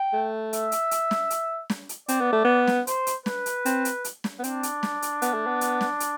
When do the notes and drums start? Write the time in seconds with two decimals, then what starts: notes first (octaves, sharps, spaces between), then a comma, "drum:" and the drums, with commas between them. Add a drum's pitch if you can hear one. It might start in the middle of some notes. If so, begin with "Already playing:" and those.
Already playing: G5
0.13 A3
0.53 E5, drum: hi-hat
0.72 drum: hi-hat
0.91 drum: hi-hat
1.11 drum: snare
1.30 drum: hi-hat
1.70 drum: snare
1.89 drum: hi-hat
2.08 C4 D5, drum: hi-hat
2.21 B3
2.33 A3
2.45 B3
2.67 drum: snare
2.87 C5, drum: hi-hat
3.07 drum: hi-hat
3.26 B4, drum: snare
3.46 drum: hi-hat
3.65 C4, drum: hi-hat
3.85 drum: hi-hat
4.04 drum: hi-hat
4.24 drum: snare
4.39 B3
4.44 C4 D4, drum: hi-hat
4.63 drum: hi-hat
4.83 drum: snare
5.02 drum: hi-hat
5.22 B3, drum: hi-hat
5.34 A3
5.47 B3
5.61 drum: hi-hat
5.81 drum: snare
6.00 drum: hi-hat